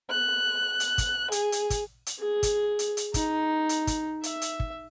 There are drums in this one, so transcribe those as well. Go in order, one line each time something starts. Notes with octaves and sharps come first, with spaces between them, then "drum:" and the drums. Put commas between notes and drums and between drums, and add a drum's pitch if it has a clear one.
F#6
drum: hi-hat
drum: kick, hi-hat
G#4, drum: hi-hat
drum: hi-hat
drum: kick, hi-hat
drum: hi-hat
G#4
drum: kick, hi-hat
drum: hi-hat
drum: hi-hat
D#4, drum: kick, hi-hat
drum: hi-hat
drum: kick, hi-hat
E5, drum: hi-hat
drum: hi-hat
drum: kick